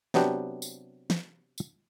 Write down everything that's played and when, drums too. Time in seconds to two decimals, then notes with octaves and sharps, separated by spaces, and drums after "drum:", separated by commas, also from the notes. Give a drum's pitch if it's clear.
0.14 C3 F#3 B3 D4 G4, drum: snare
0.62 drum: tambourine
1.10 drum: snare
1.58 drum: tambourine